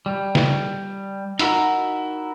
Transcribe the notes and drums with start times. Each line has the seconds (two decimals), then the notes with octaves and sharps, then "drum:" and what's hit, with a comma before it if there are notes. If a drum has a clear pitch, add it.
0.06 G3
0.35 drum: snare
1.39 D#4 E4 F#4 A#4, drum: hi-hat